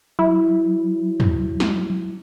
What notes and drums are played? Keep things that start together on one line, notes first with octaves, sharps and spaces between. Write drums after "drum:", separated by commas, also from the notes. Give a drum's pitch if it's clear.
F#3 E4
drum: tom
drum: snare